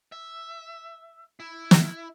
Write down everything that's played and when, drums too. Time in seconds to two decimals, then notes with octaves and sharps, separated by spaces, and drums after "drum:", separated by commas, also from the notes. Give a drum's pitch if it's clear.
0.12 E5
1.40 E4
1.71 drum: snare